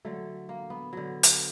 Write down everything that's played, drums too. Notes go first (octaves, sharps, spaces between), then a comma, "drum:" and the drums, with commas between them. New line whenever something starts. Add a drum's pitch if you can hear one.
D3 F#3 A3
A#3
B3
D3 F#3
drum: hi-hat